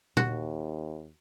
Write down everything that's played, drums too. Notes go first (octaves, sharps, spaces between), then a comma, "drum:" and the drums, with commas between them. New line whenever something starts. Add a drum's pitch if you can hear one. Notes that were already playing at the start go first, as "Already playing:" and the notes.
D#2 F#4, drum: tom A#2